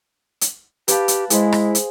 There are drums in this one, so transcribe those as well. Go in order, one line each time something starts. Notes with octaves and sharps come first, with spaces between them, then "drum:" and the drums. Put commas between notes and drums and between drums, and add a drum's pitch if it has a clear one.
drum: hi-hat
G4 B4 F5 A5, drum: hi-hat
drum: hi-hat
G#3 E4 G#4 C5, drum: hi-hat
drum: rim click
drum: hi-hat